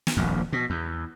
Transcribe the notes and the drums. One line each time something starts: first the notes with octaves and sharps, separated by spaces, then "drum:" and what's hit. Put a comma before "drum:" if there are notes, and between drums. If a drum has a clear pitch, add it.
drum: snare
D#1 A#1 F2
B2
E2